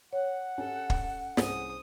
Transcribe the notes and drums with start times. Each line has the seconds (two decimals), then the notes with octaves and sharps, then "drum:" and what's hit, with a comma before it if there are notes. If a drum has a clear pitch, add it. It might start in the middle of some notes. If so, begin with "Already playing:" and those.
0.13 C#5 F#5
0.58 C#4 G4 A4
0.90 drum: kick
1.37 C2 C#4 G#4 C5 D#6, drum: snare